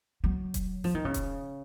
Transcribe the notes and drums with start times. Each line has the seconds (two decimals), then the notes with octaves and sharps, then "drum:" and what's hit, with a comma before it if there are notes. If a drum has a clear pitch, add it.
0.24 F#3
0.54 drum: kick E1, hi-hat
0.84 F3, drum: snare
0.95 D#3
1.05 C#3
1.14 drum: kick E1, hi-hat